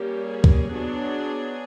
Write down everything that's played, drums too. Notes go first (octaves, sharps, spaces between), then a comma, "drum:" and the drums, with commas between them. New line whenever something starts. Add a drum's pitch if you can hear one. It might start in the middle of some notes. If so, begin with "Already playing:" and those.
Already playing: G3 A#3 C#4 G4
G#4
drum: kick C2
F#3 B3 D4